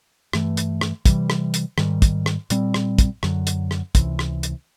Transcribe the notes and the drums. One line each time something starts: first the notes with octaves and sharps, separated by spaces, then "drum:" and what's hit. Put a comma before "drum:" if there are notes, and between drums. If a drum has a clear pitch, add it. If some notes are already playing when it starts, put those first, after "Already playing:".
G2 E3 A3, drum: rim click
drum: hi-hat
drum: rim click
C3 E3 G3, drum: kick, hi-hat
drum: rim click
drum: hi-hat
G#2 D#3 G3, drum: rim click
drum: kick, hi-hat
drum: rim click
A#2 G3 C4, drum: hi-hat
drum: rim click
drum: kick, hi-hat
F#2 D3 F#3, drum: rim click
drum: hi-hat
drum: rim click
C#2 C3 E3, drum: kick, hi-hat
drum: rim click
drum: hi-hat